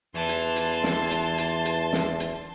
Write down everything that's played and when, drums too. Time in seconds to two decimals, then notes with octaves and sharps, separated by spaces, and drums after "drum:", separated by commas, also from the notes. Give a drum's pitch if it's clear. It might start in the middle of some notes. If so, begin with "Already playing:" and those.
0.15 E2 E3 A5 C6
0.29 drum: hi-hat
0.56 drum: hi-hat
0.83 drum: snare
1.11 drum: hi-hat
1.38 drum: hi-hat
1.65 drum: hi-hat
1.93 drum: snare
2.20 drum: hi-hat